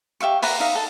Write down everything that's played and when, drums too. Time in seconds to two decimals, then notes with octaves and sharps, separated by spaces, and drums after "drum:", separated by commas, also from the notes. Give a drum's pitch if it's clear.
0.20 G4 E5 F5 C#6
0.42 B4 E5 F#5 A#5, drum: open hi-hat
0.60 D#4 E5 F5
0.75 A4